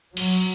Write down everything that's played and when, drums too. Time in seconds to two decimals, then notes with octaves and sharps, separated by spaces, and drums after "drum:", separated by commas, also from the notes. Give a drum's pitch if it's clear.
0.17 F#3, drum: cymbal